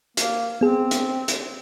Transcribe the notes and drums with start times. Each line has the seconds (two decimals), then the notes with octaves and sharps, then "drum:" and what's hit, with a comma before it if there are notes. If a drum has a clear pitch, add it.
0.17 A#3, drum: hi-hat
0.61 B3 C4 G#4
0.91 drum: hi-hat
1.28 drum: hi-hat